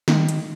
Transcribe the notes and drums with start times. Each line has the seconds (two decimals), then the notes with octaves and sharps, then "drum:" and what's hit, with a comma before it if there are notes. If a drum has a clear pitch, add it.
0.08 D#3, drum: snare
0.29 drum: hi-hat